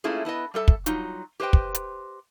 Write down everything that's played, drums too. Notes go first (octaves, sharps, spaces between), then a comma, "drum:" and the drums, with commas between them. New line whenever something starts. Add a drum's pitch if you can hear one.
A3 A#3 C#4 E4 F4 G#4
B3 E4 B4 D#5
G3 A3 A4 E5
drum: kick
F#3 G3 D#4 F4, drum: hi-hat
G4 B4 C5 D#5 G5
drum: kick
drum: hi-hat